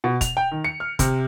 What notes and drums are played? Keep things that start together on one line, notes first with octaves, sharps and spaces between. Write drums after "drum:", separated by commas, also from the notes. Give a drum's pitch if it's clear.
B2
F7, drum: kick, hi-hat
G5
D#3
C#7
F6
C3, drum: kick, hi-hat